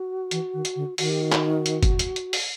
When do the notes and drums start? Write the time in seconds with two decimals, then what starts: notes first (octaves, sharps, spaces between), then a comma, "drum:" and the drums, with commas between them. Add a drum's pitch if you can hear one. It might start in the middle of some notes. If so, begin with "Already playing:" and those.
Already playing: F#4
0.31 E3, drum: hi-hat
0.54 D#3
0.65 drum: hi-hat
0.76 D3
0.98 D#3 F#4, drum: open hi-hat
1.10 G4
1.22 F#4
1.32 drum: clap
1.66 drum: hi-hat
1.83 drum: kick, hi-hat
1.99 drum: hi-hat
2.16 drum: hi-hat
2.33 drum: open hi-hat